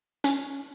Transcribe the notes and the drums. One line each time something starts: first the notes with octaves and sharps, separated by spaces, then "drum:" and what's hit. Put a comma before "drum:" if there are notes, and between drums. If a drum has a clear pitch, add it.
C#4, drum: hi-hat